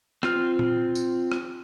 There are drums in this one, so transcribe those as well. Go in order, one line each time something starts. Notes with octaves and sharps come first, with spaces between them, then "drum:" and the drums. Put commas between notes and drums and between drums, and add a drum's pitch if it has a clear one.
C4 F4 F6, drum: rim click
drum: tom A#2
drum: tambourine
drum: rim click